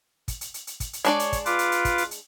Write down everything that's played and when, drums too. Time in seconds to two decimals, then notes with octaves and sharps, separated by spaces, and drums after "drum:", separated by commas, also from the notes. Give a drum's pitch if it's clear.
0.28 drum: kick, hi-hat
0.41 drum: hi-hat
0.54 drum: hi-hat
0.67 drum: hi-hat
0.80 drum: kick, hi-hat
0.93 drum: hi-hat
1.05 G#3 D4 C#5 D5, drum: hi-hat
1.19 drum: hi-hat
1.32 drum: kick, hi-hat
1.46 F4 B4 D6, drum: hi-hat
1.59 drum: hi-hat
1.72 drum: hi-hat
1.85 drum: kick, hi-hat
1.98 drum: hi-hat
2.11 drum: hi-hat